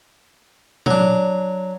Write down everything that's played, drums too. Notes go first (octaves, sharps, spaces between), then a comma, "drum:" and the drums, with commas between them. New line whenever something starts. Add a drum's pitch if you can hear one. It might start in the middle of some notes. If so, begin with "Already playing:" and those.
F#3 D4, drum: tom A#2